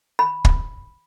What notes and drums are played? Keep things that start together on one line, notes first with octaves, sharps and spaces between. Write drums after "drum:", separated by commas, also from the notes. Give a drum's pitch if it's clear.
B5
drum: kick